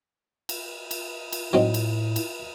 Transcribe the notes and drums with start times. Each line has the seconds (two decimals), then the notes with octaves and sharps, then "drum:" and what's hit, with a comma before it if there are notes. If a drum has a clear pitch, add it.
0.49 drum: cymbal
0.91 drum: cymbal
1.32 drum: cymbal
1.53 A2 F#3 C4 D#4
1.74 drum: cymbal
2.16 drum: cymbal